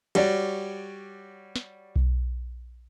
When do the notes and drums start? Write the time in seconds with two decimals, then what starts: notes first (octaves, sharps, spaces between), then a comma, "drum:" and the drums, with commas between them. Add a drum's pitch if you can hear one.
0.15 G3 F#4 C#5 D5, drum: cymbal
1.56 drum: snare
1.96 drum: kick B1